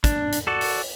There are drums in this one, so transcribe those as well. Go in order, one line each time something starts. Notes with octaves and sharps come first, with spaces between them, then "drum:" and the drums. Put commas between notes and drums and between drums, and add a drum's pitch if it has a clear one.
D4, drum: kick, hi-hat
drum: hi-hat
F#4 A4 D5
drum: open hi-hat